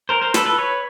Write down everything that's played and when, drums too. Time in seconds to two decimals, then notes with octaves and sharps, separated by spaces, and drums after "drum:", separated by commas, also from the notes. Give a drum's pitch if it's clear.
0.09 A#4 C5
0.21 A#4 C5
0.34 A4 B4, drum: snare
0.46 A4 B4
0.58 B4 C#5